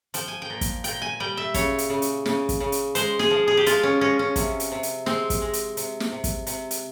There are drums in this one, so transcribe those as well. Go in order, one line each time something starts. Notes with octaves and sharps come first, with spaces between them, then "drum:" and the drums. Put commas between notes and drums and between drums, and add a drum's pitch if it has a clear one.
F3 G5, drum: hi-hat
G#5
G5
A#2
drum: kick, hi-hat
A#2 G5, drum: hi-hat
G#5
G3 G5
E5
C#3 C#5, drum: kick, hi-hat
drum: hi-hat
C#3
drum: hi-hat
C#3, drum: snare
drum: kick, hi-hat
C#3
drum: hi-hat
G#3 C5, drum: hi-hat
G#4, drum: snare
F3
G#4
G4
G#3 F4, drum: hi-hat
C#4
G#3 C#4
C#4
C3, drum: kick, hi-hat
drum: hi-hat
C3
drum: hi-hat
G#3 C4, drum: snare
drum: kick, hi-hat
G#3
drum: hi-hat
C3, drum: hi-hat
drum: snare
C3
drum: kick, hi-hat
C3, drum: hi-hat
drum: hi-hat